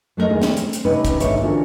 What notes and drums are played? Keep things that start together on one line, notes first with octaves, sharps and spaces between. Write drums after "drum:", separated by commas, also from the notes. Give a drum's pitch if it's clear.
F#3 A3 B3 A#4 D#5
D#2 D#3 E3 G#3 E4 G#4
drum: snare
C4, drum: hi-hat
drum: hi-hat
C3 C#4 D#4 B4
drum: kick, hi-hat
D2 G#2 D#3 C#5 E5, drum: hi-hat
D3 E3 C#4 F4 F#4 A#4